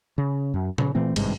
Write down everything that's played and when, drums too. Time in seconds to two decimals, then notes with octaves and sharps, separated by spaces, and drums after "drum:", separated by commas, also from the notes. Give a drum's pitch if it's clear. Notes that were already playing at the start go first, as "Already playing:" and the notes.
0.18 C#3
0.54 F#2
0.78 C#3, drum: tom A#2
0.95 A#2 E3 A3 C4
1.16 G#1 G2 C3 G#3, drum: cymbal